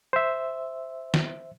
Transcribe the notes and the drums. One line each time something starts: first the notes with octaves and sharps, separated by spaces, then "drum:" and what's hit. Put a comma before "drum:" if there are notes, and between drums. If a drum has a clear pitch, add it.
C5 E5
drum: snare